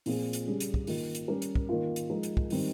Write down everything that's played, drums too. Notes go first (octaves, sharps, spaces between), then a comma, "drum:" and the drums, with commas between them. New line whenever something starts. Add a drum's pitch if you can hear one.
A#2 F3 C4 F4 G#4, drum: open hi-hat
drum: hi-hat
C#3 G3 C#4 G#4
drum: hi-hat
drum: kick
D#3 A#3 F4, drum: open hi-hat
drum: hi-hat
G3 C#4 G4 A#4
drum: hi-hat
drum: kick
D#3 A#3 F4
drum: hi-hat
F3 G#3 D#4 A#4
drum: hi-hat
drum: kick
D#3 G3 C4 D#4, drum: open hi-hat